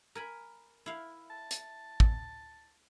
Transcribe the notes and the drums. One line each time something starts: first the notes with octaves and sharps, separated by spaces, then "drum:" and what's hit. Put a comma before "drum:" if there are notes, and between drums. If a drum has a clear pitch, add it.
A#4 G#5 B5
E4 F5
A5
drum: hi-hat
drum: kick